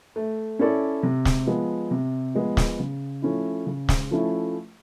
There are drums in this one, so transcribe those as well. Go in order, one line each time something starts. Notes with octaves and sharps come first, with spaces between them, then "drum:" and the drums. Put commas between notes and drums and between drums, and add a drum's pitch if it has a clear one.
A3
C#4 E4 A4 D5
C3
drum: snare
F3 G#3 B3
C3
F3 G#3 B3
drum: snare
C#3
F3 A3 C#4 E4
C#3
drum: snare
F3 A3 C#4 E4